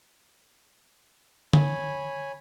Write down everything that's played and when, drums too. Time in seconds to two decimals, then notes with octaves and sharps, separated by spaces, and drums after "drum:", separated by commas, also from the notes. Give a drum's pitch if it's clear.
1.53 C#5 G#5 B5, drum: tom